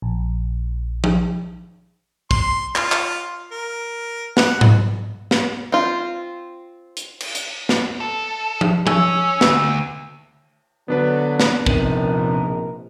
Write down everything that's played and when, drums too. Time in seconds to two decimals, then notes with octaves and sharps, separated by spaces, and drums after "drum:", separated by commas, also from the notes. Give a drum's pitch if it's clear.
0.02 A#1
1.04 drum: tom F3
2.31 C6, drum: kick
2.75 F4, drum: clap
2.92 drum: clap
3.52 A#4
4.37 F#5, drum: snare
4.61 drum: tom G#2
5.31 drum: snare
5.72 C4 F4
6.97 drum: hi-hat
7.20 drum: cymbal
7.35 drum: hi-hat
7.69 drum: snare
8.00 A4
8.61 drum: tom F3
8.87 C#4 E6, drum: tom F3
9.41 D2, drum: snare
10.88 D3 F#3 B3 D4 B4
11.40 drum: snare
11.66 A#1 C3 D#4 A#4, drum: kick